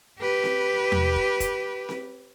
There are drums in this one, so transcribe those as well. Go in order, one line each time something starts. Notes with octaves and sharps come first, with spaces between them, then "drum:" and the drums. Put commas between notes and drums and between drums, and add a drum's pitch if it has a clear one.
G4 B4
drum: snare C4
drum: tom E2
drum: kick
drum: kick, hi-hat
drum: snare C4